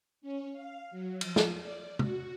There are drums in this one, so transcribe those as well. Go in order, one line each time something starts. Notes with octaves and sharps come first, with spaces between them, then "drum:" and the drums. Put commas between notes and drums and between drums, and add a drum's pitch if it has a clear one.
C#4
F5
F#3
F3, drum: cymbal
drum: snare
D5
F#4, drum: tom